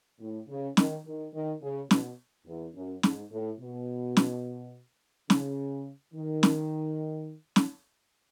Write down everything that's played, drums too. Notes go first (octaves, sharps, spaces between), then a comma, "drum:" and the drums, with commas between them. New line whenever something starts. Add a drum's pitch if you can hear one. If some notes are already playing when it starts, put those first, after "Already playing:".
A2
C#3
D#3, drum: snare
D#3
D#3
C#3
B2, drum: snare
E2
F#2
G#2, drum: snare
A2
B2
drum: snare
C#3, drum: snare
D#3
drum: snare
drum: snare